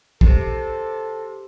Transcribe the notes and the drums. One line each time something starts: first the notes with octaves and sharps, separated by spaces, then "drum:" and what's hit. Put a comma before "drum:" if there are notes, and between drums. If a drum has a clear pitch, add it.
C3 A4, drum: kick